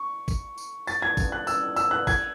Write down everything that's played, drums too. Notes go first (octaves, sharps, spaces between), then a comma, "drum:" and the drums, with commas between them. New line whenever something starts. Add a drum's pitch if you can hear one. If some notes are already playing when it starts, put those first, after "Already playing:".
Already playing: C#6
drum: kick, tambourine
drum: tambourine
A6, drum: tambourine
G#6
drum: kick, tambourine
F#6
E6, drum: tambourine
E6, drum: tambourine
F#6
G#6, drum: kick, tambourine